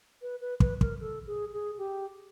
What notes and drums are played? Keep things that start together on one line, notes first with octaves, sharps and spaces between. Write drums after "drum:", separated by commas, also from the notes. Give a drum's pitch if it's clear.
B4
B4
B4, drum: kick
A#4, drum: kick
A4
G#4
G#4
G4